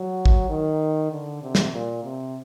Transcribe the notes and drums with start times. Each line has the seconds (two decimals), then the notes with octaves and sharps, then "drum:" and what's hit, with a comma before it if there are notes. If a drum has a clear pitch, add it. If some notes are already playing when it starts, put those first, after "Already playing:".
Already playing: F#3
0.26 drum: kick
0.50 D#3
1.11 D3
1.42 C3
1.55 drum: snare
1.72 A#2
2.04 C3